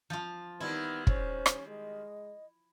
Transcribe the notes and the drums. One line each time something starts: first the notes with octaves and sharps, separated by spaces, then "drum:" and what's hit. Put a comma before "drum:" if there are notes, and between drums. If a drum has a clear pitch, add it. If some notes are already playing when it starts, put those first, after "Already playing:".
F3 F4
D#3 G3 B3 C4 D#4 E4
C#4 C5, drum: kick
drum: rim click
G#3 D#5